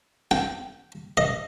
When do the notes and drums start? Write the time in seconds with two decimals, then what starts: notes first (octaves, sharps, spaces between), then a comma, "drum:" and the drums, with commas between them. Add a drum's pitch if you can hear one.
0.31 G5, drum: snare
1.17 D#5, drum: tom A#2